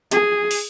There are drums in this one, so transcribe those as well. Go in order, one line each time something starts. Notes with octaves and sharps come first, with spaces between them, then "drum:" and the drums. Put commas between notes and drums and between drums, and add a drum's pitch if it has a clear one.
G#4, drum: hi-hat
drum: open hi-hat